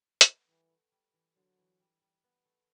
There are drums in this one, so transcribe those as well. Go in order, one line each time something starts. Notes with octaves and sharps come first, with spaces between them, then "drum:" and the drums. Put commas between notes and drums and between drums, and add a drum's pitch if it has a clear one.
B3, drum: hi-hat
A3
E3 G3
A3
G3
E3
D3 F#3
E3
G3
G3
B3
A3